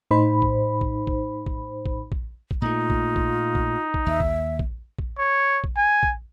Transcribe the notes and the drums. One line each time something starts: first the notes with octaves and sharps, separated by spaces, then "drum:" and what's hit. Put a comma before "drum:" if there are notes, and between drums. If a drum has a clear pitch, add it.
A2 D#4 C5 B5
drum: kick A#1
drum: kick A#1
drum: kick A#1
drum: kick A#1
drum: kick A#1
drum: kick A#1
drum: kick A#1
A#2 A3 D#4 F4
drum: kick A#1
drum: kick A#1
drum: kick A#1
drum: kick A#1
D#2 E5
drum: kick A#1
drum: kick A#1
drum: kick A#1
C#5
drum: kick A#1
G#5
drum: kick A#1